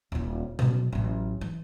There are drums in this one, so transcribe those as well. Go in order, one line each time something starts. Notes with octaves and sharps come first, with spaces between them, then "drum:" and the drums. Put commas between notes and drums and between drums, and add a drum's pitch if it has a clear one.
D#1 E4
B2 F#3, drum: tom B2
A1 F#3
E3